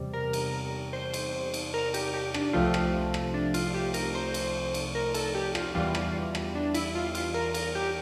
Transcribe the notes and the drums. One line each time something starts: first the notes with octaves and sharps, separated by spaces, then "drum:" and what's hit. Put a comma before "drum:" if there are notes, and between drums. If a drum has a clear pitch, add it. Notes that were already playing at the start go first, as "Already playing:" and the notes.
Already playing: E2 C3 G3
A#4
drum: cymbal
C5
drum: cymbal
drum: cymbal
A#4
G4, drum: cymbal
G4
D4, drum: rim click
C2 C3 F3 A3 F4
drum: rim click
drum: rim click
D4
F4, drum: cymbal
G4
A#4, drum: cymbal
C5
drum: cymbal
drum: cymbal
A#4
A4, drum: cymbal
G4
F4, drum: rim click
E2 E3 G3 F4
drum: rim click
drum: rim click
D4
E4, drum: cymbal
F4
F4, drum: cymbal
A#4
A#4, drum: cymbal
G4